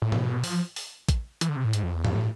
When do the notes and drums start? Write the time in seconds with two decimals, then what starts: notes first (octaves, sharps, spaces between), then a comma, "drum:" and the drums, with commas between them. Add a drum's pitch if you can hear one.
0.02 A2
0.12 B2, drum: tom
0.44 F3, drum: open hi-hat
0.76 drum: open hi-hat
1.09 drum: kick, hi-hat
1.41 E3, drum: hi-hat
1.49 D3
1.56 C3
1.65 A2
1.73 G#2, drum: hi-hat
1.83 F2
1.94 E2
2.05 F2, drum: tom
2.15 A2